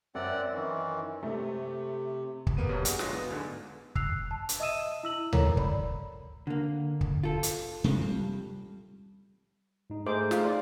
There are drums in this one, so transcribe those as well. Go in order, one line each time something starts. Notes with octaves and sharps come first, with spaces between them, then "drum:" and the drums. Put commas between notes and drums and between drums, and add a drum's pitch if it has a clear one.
F#2 C4 D5 F#5
D#3 E3
C3 A3
drum: kick
G3 A#3 B3 D#7
F#2 B2 F#3 G3
G#4 F#5, drum: hi-hat
D3 F#3 G#3 F4 F#4 A#6, drum: snare
B3
D2 G#2 D3
E6 F#6 C7 F7, drum: kick
A5
drum: hi-hat
D#5 E5 D#6 E6 D#7 E7
E4 E6 F#7
A4 A#4 C#5 A#5, drum: tom D2
D5 B5, drum: kick
D3 A#3
drum: kick
F4 A4
drum: hi-hat
C3 G#3 C4
G3
G#2 D#4
A3 D#4 G#4 C5 D6
F4, drum: snare
D5